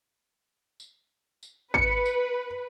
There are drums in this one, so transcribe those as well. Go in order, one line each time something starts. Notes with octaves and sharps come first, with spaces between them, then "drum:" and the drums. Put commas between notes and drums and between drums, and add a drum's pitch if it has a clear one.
drum: tambourine
drum: tambourine
B4 C#7, drum: kick G#1
drum: tambourine